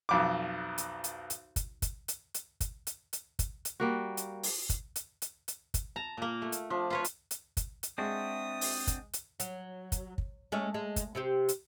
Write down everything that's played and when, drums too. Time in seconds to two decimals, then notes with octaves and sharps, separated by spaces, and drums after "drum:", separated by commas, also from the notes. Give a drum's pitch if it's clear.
0.09 B1 F2 D6
0.78 drum: hi-hat
1.04 drum: hi-hat
1.30 drum: hi-hat
1.56 drum: kick, hi-hat
1.82 drum: kick, hi-hat
2.08 drum: hi-hat
2.34 drum: hi-hat
2.60 drum: kick, hi-hat
2.87 drum: hi-hat
3.13 drum: hi-hat
3.39 drum: kick, hi-hat
3.65 drum: hi-hat
3.80 G3 A#3 F#4
4.17 drum: hi-hat
4.43 drum: open hi-hat
4.69 drum: kick, hi-hat
4.96 drum: hi-hat
5.22 drum: hi-hat
5.48 drum: hi-hat
5.74 drum: kick, hi-hat
5.96 A5 A#5
6.17 A#2 A#3
6.42 A3
6.52 drum: hi-hat
6.70 F3 D4
6.90 F4 B4 C#5
7.05 drum: hi-hat
7.31 drum: hi-hat
7.57 drum: kick, hi-hat
7.83 drum: hi-hat
7.98 G#3 C4 D4 F#4 E5 D#6
8.61 drum: open hi-hat
8.87 drum: kick, hi-hat
9.13 drum: hi-hat
9.40 F#3, drum: hi-hat
9.92 drum: kick, hi-hat
10.18 drum: kick
10.52 G#3 A3 C#4
10.74 G#3
10.96 drum: kick, hi-hat
11.15 C3 C4 G4
11.49 drum: hi-hat